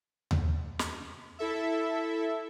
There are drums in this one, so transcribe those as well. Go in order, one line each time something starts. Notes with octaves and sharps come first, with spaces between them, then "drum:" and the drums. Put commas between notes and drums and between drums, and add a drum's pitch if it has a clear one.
drum: tom D#2
drum: snare
E4 A4 E5